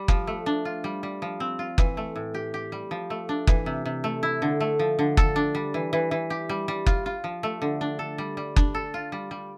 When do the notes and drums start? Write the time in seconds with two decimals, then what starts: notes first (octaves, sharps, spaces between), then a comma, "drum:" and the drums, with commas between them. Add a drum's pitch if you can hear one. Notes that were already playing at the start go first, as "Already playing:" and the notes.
Already playing: G3
0.08 F3, drum: kick F#1
0.27 A3
0.46 D4
0.65 F4
0.84 G3
1.03 G3
1.22 F3
1.40 C4
1.59 F4
1.78 E3, drum: kick F#1
1.97 A3
2.16 A2
2.34 G4
2.54 G4
2.72 G3
2.91 F3
3.10 A3
3.29 D4
3.47 E3, drum: kick F#1
3.66 C3
3.85 C3
4.04 A3
4.23 E4
4.42 D3
4.60 A3
4.79 F3
4.99 D3
5.17 A4, drum: kick F#1
5.36 D4
5.55 G3
5.74 E3
5.93 E3
6.11 E3
6.30 G4
6.49 G3
6.68 G3
6.86 F4, drum: kick F#1
7.06 F4
7.24 F3
7.43 A3
7.62 D3
7.81 D4
7.99 A4
8.18 G3
8.37 G3
8.56 D4, drum: kick F#1
8.75 A4
8.94 F4
9.12 G3
9.31 G3